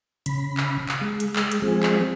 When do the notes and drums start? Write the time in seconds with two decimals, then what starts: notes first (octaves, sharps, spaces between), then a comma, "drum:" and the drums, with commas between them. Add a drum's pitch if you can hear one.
0.26 C#3 B5, drum: hi-hat
0.57 drum: clap
0.89 drum: clap
1.01 G#3
1.20 drum: hi-hat
1.36 drum: clap
1.51 drum: hi-hat
1.62 F3 G#3 C4 G#4
1.83 drum: clap